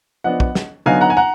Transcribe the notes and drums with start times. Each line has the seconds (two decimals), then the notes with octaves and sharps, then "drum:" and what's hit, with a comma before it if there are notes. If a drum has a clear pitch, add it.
0.24 F3 B3 D4 D#5 F#5
0.40 drum: kick
0.55 drum: snare
0.86 D3 F#3 B3 D#4 F5 G#5
1.01 F#5 A#5
1.10 G#5
1.17 F#5 A#5